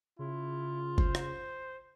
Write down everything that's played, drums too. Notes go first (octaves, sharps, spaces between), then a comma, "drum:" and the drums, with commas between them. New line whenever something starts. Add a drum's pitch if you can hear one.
C#3 E4 F4
C5, drum: kick G1
drum: rim click